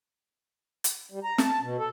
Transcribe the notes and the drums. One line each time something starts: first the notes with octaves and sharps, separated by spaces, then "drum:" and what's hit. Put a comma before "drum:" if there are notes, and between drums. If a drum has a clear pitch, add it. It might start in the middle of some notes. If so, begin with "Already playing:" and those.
drum: hi-hat
G3
A#5
A5, drum: snare
B2
A4